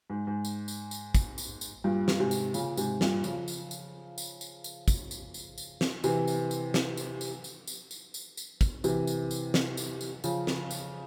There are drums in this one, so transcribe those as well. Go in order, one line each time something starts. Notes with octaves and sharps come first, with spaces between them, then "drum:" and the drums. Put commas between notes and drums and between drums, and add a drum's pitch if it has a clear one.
G#2
G#2
drum: tambourine
drum: tambourine
drum: tambourine
drum: kick, tambourine
drum: tambourine
drum: tambourine
G2 A#2
drum: snare
G#2 C3
drum: tambourine
A#2 C#3, drum: tambourine
G#2 C3, drum: tambourine
G2 A#2, drum: snare
C#3 F3, drum: tambourine
drum: tambourine
drum: tambourine
drum: tambourine
drum: tambourine
drum: tambourine
drum: kick, tambourine
drum: tambourine
drum: tambourine
drum: tambourine
drum: snare
C3 E3, drum: tambourine
drum: tambourine
drum: tambourine
drum: snare
drum: tambourine
drum: tambourine
drum: tambourine
drum: tambourine
drum: tambourine
drum: tambourine
drum: tambourine
drum: kick, tambourine
C3 E3, drum: tambourine
drum: tambourine
drum: tambourine
drum: snare
drum: tambourine
drum: tambourine
C#3 F3, drum: tambourine
drum: snare
drum: tambourine